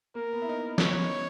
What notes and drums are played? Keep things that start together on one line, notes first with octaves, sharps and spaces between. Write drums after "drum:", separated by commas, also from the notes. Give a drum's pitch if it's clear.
A#3 A#4
B3
E4
D#4
B3, drum: snare
C#5
C#4
D#4